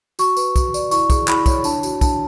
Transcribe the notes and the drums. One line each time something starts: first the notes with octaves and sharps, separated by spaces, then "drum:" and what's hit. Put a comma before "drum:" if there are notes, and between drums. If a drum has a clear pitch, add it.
F#4 C#6, drum: tambourine
B4, drum: tambourine
F#4, drum: kick, tambourine
D5, drum: tambourine
E4 C#6, drum: tambourine
G#4, drum: kick, tambourine
E4 B5, drum: clap
C#5, drum: kick, tambourine
D4 A5, drum: tambourine
F#4, drum: tambourine
D4 A5, drum: kick, tambourine